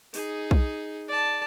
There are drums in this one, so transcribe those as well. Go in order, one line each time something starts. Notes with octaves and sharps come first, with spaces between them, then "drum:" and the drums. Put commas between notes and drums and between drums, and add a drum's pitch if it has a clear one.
D#4 G#4, drum: open hi-hat
drum: kick B1
D5 A5